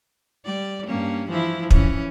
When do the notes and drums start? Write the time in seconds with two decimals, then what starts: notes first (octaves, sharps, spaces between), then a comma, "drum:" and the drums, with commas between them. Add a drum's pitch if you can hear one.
0.45 G3 D5
0.86 G2 A#3 C#4
1.28 E3 F3 E4
1.71 E3 C#4, drum: kick